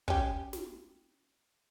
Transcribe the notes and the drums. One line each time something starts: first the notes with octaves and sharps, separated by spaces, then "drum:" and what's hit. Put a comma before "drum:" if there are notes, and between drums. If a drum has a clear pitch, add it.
C#4 G4, drum: kick
drum: snare